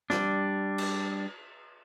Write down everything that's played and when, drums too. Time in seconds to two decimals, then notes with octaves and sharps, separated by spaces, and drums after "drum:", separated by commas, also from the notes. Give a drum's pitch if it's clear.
0.10 G3 D4, drum: snare
0.78 drum: cymbal